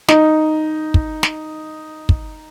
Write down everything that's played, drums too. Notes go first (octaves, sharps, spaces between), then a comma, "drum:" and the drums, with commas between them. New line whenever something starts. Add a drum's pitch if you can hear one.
D#4, drum: snare
drum: kick
drum: snare
drum: kick